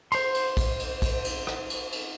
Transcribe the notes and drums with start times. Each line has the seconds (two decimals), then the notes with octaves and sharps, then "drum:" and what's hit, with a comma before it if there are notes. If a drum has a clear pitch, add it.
0.12 C5 C6, drum: cymbal
0.34 drum: cymbal
0.57 drum: kick, cymbal
0.79 drum: cymbal
1.02 drum: kick, cymbal
1.25 drum: cymbal
1.47 drum: rim click
1.70 drum: cymbal
1.92 drum: cymbal